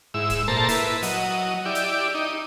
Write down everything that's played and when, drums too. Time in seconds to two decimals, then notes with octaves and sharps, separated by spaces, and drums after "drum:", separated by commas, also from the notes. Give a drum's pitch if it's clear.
0.14 G#2 E4 E6
0.30 drum: kick D1, hi-hat
0.48 A#2 A4 C5 A5 A#5
0.69 E4 B4, drum: open hi-hat
1.03 F#3 D#5, drum: open hi-hat
1.65 E4 G4 D5
1.75 drum: hi-hat
2.15 D#4